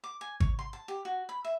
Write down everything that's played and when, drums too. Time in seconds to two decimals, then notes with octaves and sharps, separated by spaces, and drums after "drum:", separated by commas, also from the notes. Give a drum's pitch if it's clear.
0.04 D6
0.21 G#5
0.40 C#5, drum: kick G#1
0.59 C6
0.73 A5
0.88 G4
1.05 F#4
1.29 B5
1.45 E5